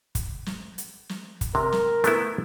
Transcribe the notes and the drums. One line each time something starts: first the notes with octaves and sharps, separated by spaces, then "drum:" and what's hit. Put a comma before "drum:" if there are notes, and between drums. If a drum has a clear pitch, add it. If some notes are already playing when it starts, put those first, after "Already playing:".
drum: kick, hi-hat
drum: snare
drum: hi-hat
drum: snare
drum: kick, hi-hat
C3 A#4
drum: snare
A3 B3 E4, drum: hi-hat